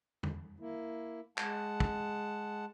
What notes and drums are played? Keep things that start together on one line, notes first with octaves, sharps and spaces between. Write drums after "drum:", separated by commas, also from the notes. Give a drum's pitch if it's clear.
drum: tom E2
A#3 E4
G#3 F#5 A5, drum: clap
drum: kick